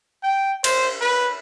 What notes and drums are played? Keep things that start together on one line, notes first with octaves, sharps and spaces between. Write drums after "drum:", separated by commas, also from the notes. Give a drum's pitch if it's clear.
G5
C5, drum: cymbal
B4